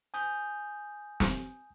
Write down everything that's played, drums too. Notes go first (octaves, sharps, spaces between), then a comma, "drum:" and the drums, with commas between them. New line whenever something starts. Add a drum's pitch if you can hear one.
G#5 D#6 G6
drum: snare